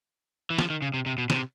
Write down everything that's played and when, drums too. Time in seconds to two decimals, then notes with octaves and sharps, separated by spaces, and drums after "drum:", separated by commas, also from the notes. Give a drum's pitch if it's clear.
0.50 E3
0.59 F3, drum: snare
0.70 D#3
0.82 C#3
0.94 C3
1.06 C3
1.18 B2
1.30 C3, drum: snare